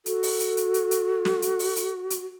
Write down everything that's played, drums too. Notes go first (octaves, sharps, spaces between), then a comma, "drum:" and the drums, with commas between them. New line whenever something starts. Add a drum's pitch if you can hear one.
F#4 A4, drum: hi-hat
drum: open hi-hat
drum: hi-hat
drum: hi-hat
drum: hi-hat
drum: hi-hat
drum: snare
drum: hi-hat
drum: open hi-hat
drum: hi-hat
drum: hi-hat